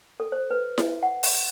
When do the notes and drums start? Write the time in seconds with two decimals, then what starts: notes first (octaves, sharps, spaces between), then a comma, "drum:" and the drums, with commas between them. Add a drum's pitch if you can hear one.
0.20 A4
0.32 C5
0.51 B4
0.78 drum: snare E4
1.03 F#5
1.23 drum: open hi-hat